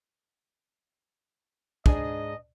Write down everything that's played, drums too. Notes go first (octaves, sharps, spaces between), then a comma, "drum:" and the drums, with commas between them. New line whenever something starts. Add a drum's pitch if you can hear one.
G#2 D4 G#4 D#5, drum: kick